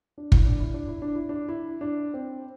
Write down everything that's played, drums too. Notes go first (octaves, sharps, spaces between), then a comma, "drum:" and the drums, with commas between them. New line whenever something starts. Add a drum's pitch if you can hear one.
D4
E4, drum: kick
D4
E4
D4
E4
D4
E4
D4
E4
D4
C4